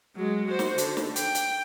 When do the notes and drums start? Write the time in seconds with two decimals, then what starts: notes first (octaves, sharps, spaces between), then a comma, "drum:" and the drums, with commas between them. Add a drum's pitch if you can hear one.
0.16 F#3 G#3
0.48 F#4 C5
0.59 drum: snare
0.78 D3, drum: hi-hat
0.97 drum: snare
1.16 G5, drum: hi-hat
1.35 drum: hi-hat